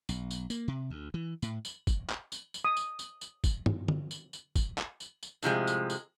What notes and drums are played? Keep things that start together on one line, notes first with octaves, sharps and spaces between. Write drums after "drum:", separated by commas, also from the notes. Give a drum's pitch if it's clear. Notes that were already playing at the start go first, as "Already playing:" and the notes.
B1, drum: tambourine
drum: tambourine
A#3, drum: tambourine
C3
D2
E3
A2, drum: tambourine
drum: tambourine
drum: kick, tambourine
drum: clap
drum: tambourine
drum: tambourine
D#6
drum: tambourine
drum: tambourine
drum: tambourine
drum: kick, tambourine
drum: tom
drum: tom D3
drum: tambourine
drum: tambourine
drum: kick, tambourine
drum: clap
drum: tambourine
drum: tambourine
A2 C3 F3 G#3, drum: tambourine
drum: tambourine
drum: tambourine